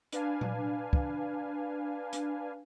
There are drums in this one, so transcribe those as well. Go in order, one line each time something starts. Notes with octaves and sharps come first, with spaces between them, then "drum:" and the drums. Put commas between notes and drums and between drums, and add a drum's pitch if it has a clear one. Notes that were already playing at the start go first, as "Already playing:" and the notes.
D4 B4 F5 G#5, drum: hi-hat
drum: tom A#2
drum: kick
drum: hi-hat